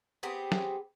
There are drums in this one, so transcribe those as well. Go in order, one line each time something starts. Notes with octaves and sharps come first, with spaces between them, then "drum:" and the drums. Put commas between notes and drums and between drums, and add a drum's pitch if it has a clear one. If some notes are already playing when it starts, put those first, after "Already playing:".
B3 C4 G4 G#4
drum: snare